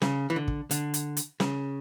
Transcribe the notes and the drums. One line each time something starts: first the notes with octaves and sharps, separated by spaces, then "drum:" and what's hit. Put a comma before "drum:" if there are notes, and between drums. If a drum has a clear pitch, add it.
C#3, drum: snare
E3
D3
drum: kick
D3, drum: hi-hat
drum: hi-hat
drum: hi-hat
C#3, drum: snare